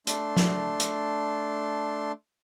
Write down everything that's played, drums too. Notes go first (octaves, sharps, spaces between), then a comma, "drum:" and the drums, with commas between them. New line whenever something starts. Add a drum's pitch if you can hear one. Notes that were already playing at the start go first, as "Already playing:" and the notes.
A3 D4 C6, drum: hi-hat
drum: snare
drum: hi-hat